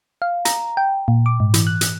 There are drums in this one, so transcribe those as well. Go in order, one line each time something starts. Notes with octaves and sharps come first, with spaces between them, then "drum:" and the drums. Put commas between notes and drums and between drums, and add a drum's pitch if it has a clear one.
F5
A#5, drum: hi-hat
G5
A#2
D6
G#2
E3, drum: hi-hat
F#6
drum: hi-hat